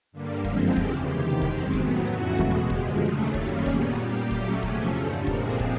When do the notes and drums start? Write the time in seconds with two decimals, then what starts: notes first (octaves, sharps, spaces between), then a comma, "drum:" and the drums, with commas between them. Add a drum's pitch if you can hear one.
0.12 G2 D3 G3 A#3
0.45 F#2 D3 F3 G#3 C4 G4, drum: kick
0.76 E2 C#3 E3 G4, drum: kick
1.09 E2 C3 D#3 G4
1.42 F#2 D#3 G#3 C4, drum: kick
1.73 A2 F#3 B3, drum: kick
2.05 F2 C#3 E3 A3 F#4
2.38 E2 B2 G#3, drum: kick
2.70 F#2 D3 F3 G#3 G4, drum: kick
3.02 D#2 C#3 F#3 A3 G#4
3.34 F#2 D#3 G3 A#3 C#4 A4, drum: kick
3.66 A#2 G3 B3 G#4, drum: kick
3.98 A#2 G3 A#3 G4
4.31 A#2 F#3 A3 C#4 G4, drum: kick
4.63 E2 C3 F3 A3 C#4 G#4, drum: kick
4.95 G2 D3 G3 A4
5.27 A#2 F3 G#3 C4 A#4, drum: kick
5.60 drum: kick